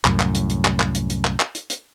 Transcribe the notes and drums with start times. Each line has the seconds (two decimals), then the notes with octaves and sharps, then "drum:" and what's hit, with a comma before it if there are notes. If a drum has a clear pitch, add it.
0.05 C2 F#2 A2, drum: clap
0.20 drum: clap
0.35 drum: hi-hat
0.50 drum: hi-hat
0.65 drum: clap
0.80 drum: clap
0.95 drum: hi-hat
1.10 drum: hi-hat
1.25 drum: clap
1.40 drum: clap
1.55 drum: hi-hat
1.70 drum: hi-hat